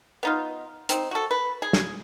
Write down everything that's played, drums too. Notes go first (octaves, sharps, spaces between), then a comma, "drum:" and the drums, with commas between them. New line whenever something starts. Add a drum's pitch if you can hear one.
B3 D#4 F4
C4 D#4, drum: hi-hat
F#4 A4
B4
G#4
drum: snare